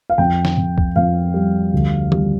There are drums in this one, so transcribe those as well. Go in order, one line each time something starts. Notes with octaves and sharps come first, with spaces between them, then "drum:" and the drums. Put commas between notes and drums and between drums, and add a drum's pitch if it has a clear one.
F5
F2 G5
drum: snare
F2
drum: kick C2
F2 F5
G3
D2
G3, drum: tom D#3